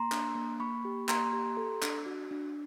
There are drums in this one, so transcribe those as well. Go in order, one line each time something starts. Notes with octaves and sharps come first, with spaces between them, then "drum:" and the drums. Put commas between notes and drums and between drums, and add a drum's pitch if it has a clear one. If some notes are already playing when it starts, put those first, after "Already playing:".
Already playing: A#3 A#5 C6
D4, drum: clap
A#3
A#3 B5 C#6
G4
A#3 A#5 C6, drum: clap
G4
A4
D4, drum: clap
F#4
D4